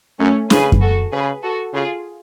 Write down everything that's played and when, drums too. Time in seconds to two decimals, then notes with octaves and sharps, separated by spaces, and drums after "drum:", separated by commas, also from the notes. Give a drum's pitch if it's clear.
0.19 F#2 A3 C#4
0.50 C#3 G#4 B4, drum: snare
0.72 drum: kick F#2
0.81 F#4 A4
1.12 C#3 G#4 B4
1.43 F#4 A4
1.74 C#3 F4 G#4